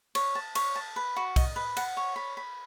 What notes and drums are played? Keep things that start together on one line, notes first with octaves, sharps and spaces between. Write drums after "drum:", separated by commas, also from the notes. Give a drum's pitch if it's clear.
C#5, drum: cymbal
A5
C#5, drum: cymbal
A5
B4
F#4
D#5, drum: kick B1, cymbal
B4
F#5, drum: cymbal
C#5
B5
B5